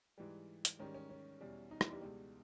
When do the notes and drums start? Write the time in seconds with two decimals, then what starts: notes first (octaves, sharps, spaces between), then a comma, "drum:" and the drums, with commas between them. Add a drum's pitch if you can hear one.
0.18 G#2 E3 G3
0.65 drum: hi-hat
0.79 G#2 D#3 G3 C#4
0.95 C#4
1.10 C#4
1.41 E2 B2 G3
1.71 D#4
1.81 E3 E4, drum: rim click
1.91 G3 G4
2.01 C#2 B2 G3